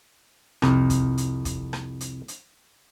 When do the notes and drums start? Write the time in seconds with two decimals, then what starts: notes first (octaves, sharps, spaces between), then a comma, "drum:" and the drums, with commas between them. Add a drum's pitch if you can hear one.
0.62 C2 F2, drum: rim click
0.90 drum: kick, hi-hat
1.18 drum: hi-hat
1.45 drum: kick, hi-hat
1.73 drum: rim click
2.01 drum: hi-hat
2.28 drum: hi-hat